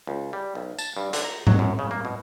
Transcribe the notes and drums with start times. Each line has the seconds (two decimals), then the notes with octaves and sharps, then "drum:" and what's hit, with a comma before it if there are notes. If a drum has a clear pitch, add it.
0.07 C#2
0.33 G3
0.55 B1
0.79 A5, drum: tambourine
0.97 G2
1.13 D3, drum: hi-hat
1.25 A#5
1.47 F#3, drum: tom G#2
1.59 F#2
1.79 C#3
1.91 A#3
2.05 B2